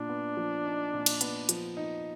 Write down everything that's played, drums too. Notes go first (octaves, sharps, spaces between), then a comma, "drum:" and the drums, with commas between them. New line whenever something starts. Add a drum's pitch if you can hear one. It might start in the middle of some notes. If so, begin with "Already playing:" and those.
Already playing: A#2 D4
B3
F3
D#4
A#2
drum: cymbal
B3, drum: hi-hat
F3, drum: hi-hat
D#4